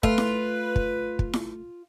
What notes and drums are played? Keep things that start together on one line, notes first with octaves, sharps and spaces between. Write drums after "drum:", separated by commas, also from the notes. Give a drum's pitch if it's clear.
A3 F4 B4, drum: kick
drum: snare E4
drum: kick
drum: kick
drum: snare E4